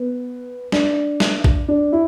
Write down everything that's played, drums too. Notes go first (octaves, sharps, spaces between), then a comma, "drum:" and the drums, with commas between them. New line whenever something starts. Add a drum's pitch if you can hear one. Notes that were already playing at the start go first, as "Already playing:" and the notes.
Already playing: B3
D4, drum: snare
drum: snare
drum: kick
D4
E4